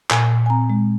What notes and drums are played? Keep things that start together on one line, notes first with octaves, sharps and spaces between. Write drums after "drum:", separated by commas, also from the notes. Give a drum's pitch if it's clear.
A#2 G#5, drum: clap
A#2
G#5
C4 A#5
G#3